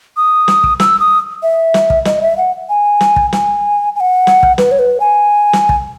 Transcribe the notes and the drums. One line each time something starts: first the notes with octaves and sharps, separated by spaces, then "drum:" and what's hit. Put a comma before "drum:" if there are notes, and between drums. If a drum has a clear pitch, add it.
D#6
drum: snare
drum: kick
E6, drum: snare
D#6
E5
drum: snare
drum: kick
D#5, drum: snare
E5
F#5
G#5
drum: snare
drum: kick
G#5, drum: snare
G#5
F#5
drum: snare
drum: kick
B4, drum: snare
C#5
B4
G#5
drum: snare
drum: kick